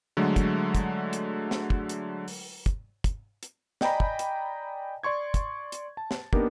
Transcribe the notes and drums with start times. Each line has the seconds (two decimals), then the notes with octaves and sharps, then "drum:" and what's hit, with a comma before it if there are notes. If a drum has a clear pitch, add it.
0.17 D3 F#3 G#3 A3
0.36 drum: kick, hi-hat
0.75 drum: kick, hi-hat
1.13 drum: hi-hat
1.51 drum: snare
1.70 drum: kick
1.89 drum: hi-hat
2.28 drum: open hi-hat
2.66 drum: kick, hi-hat
3.04 drum: kick, hi-hat
3.43 drum: hi-hat
3.81 D5 D#5 G5 G#5 A#5 B5, drum: snare
4.00 drum: kick
4.19 drum: hi-hat
5.03 D5 C6 C#6 G#6
5.34 drum: kick, hi-hat
5.72 drum: hi-hat
5.97 A5
6.11 drum: snare
6.33 A#3 B3 D4 D#4 G4 A#4, drum: kick